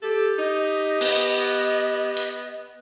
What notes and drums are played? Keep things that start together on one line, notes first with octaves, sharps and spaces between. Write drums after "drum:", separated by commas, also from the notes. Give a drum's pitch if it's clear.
G4 A4
D#4 D#5
B3, drum: cymbal
drum: hi-hat